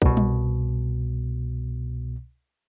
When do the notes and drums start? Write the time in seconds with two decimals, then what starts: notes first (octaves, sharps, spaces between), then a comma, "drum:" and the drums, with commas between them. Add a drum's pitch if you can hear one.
0.02 C2 B2, drum: kick
0.17 drum: tom G3